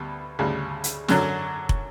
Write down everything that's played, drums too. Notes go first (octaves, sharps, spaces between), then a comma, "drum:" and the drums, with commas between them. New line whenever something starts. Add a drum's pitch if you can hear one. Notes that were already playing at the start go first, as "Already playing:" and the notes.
Already playing: D2 G3 B3
D2 C#3 G3
drum: hi-hat
F#2 D3 F#3, drum: snare
drum: kick